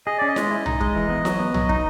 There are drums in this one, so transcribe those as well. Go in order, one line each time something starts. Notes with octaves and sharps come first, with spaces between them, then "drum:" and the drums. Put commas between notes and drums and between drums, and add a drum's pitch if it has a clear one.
G#4 D#5
C#4 D5
D#5
G#3, drum: snare E4
E4
D#4, drum: tom
G#3, drum: kick
E3
B3
F#3, drum: snare E4
B3
F#3, drum: tom
D#4, drum: kick